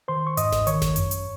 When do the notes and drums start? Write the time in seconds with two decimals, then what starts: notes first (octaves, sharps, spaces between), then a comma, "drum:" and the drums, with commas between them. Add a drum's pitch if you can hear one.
0.08 D#3 C5 C6
0.27 C#6
0.37 G#2 D#5 D#6, drum: hi-hat
0.52 drum: snare G#1
0.67 D#3 C#5 C#6, drum: hi-hat
0.82 drum: snare G#1
0.96 F#2, drum: hi-hat
1.11 drum: hi-hat